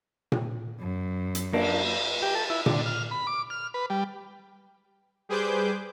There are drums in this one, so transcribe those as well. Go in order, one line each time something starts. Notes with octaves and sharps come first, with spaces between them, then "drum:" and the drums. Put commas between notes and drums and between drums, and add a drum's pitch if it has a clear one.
drum: tom A#2
F#2
drum: hi-hat
A#3 D4, drum: cymbal
G4
A4
E4
D3, drum: tom A#2
F6
B5
D6
F6
B4
G3
G3 G#4 B4 C5 D6 G6